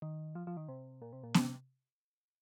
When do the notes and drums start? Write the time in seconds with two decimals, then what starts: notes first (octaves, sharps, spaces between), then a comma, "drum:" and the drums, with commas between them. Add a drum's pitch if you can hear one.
0.02 D#3
0.35 F3
0.47 F3
0.57 D#3
0.69 C3
1.02 A#2
1.13 C3
1.23 A#2
1.34 C3, drum: snare B3